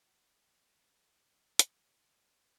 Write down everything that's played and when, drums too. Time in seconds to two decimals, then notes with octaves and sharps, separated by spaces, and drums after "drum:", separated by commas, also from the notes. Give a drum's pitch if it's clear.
0.06 F#5 G5
1.59 drum: hi-hat